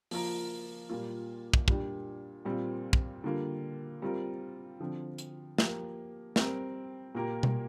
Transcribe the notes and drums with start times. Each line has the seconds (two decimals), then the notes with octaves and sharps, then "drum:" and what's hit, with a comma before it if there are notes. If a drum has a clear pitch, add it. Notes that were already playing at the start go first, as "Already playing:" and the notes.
0.11 F3 A#3 F4 A#4, drum: open hi-hat
0.89 A#2 G3 A#3 F4
1.54 drum: kick
1.68 A#2 G3 D4 G4, drum: kick
2.45 A#2 G3 C4 F4
2.93 drum: kick
3.24 D3 G3 A#3 F4
4.02 G3 C4 F4 A#4
4.80 D3 F3 C4
5.18 drum: hi-hat
5.58 F3 A#3 G4 A#4, drum: snare
6.36 G3 C4 A#4, drum: snare
7.15 A#2 A#3 G4 A#4
7.43 drum: tom B2